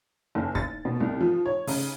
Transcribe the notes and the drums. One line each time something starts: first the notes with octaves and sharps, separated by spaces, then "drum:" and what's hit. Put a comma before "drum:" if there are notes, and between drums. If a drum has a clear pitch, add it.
F#1
A6, drum: kick
B2
C2
F3
C#5
C#3, drum: open hi-hat